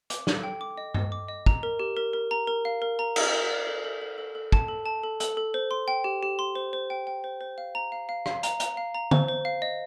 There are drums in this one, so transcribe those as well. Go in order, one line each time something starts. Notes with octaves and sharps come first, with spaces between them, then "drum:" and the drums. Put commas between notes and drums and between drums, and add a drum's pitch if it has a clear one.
D6, drum: hi-hat
A4, drum: snare
G5
D6
D#5
D#5, drum: tom G2
D6
D#5
A#5, drum: kick
A#4
G4
A#4
A#4
A#5
A#4
F5
A#4
A#5
A#4, drum: cymbal
A#4
D5
A4
A4
A4
A4
A4
A5, drum: kick
A4
A5
A4
A4, drum: hi-hat
A4
C5
C6
G5
G4
G4
C6
C5
C5
G5
G5
C5
C5
F5
A#5
F5
F5
F5, drum: rim click
A#5, drum: hi-hat
A#5, drum: hi-hat
F5
A#5
C5, drum: tom
C5
F5
D#5